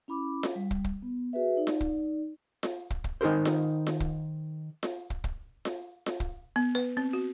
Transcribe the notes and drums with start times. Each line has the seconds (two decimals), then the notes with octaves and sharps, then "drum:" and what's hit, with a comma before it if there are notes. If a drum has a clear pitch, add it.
0.08 C#4 E4 B5 D6
0.43 drum: snare F4
0.55 G3
0.71 drum: kick
0.84 drum: kick
1.02 B3
1.33 F#4 G#4 B4 E5
1.57 D#4 D5
1.67 drum: snare F4
1.81 drum: kick
2.63 drum: snare F4
2.90 drum: kick
3.04 drum: kick
3.21 D#3 D#4 G#4 A#4 C5
3.45 drum: snare F4
3.87 drum: snare F4
4.00 drum: kick
4.83 drum: snare F4
5.10 drum: kick
5.24 drum: kick
5.65 drum: snare F4
6.06 drum: snare F4
6.20 drum: kick
6.56 B3
6.75 B4
6.97 C4
7.13 F#4